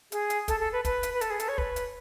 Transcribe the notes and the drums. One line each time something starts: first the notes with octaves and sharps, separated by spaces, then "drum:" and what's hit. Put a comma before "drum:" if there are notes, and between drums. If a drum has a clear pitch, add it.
G#4, drum: hi-hat
drum: hi-hat
A4, drum: kick, hi-hat
A4
B4
B4, drum: kick, hi-hat
drum: hi-hat
B4
A4, drum: hi-hat
G#4
A4, drum: hi-hat
C#5
B4, drum: kick
drum: hi-hat